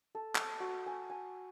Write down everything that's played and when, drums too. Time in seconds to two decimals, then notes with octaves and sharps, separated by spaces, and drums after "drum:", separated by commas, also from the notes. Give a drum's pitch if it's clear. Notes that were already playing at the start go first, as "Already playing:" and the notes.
0.15 A4
0.35 D#6, drum: clap
0.60 F#4
0.86 G#5
1.10 G#5